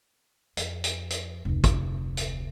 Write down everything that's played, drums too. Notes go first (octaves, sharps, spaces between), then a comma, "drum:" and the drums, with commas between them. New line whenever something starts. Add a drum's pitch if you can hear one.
F2, drum: hi-hat
drum: hi-hat
drum: hi-hat
F1 D2
drum: kick, hi-hat
drum: hi-hat